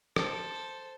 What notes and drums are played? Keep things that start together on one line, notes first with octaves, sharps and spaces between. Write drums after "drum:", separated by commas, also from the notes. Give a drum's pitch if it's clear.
A4 C5, drum: rim click